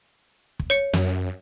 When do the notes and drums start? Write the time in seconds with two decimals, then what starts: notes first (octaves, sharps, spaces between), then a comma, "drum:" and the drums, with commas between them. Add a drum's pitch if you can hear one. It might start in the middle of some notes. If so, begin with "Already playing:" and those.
0.60 drum: kick
0.70 C#5 C#7
0.93 F#2, drum: snare